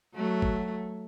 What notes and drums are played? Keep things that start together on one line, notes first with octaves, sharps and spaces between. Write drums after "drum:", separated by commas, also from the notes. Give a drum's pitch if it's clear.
F#3 A3
drum: kick